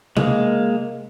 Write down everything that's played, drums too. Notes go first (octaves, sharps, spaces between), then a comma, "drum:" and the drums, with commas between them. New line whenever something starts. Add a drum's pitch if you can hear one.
G#3 A#3, drum: tom C3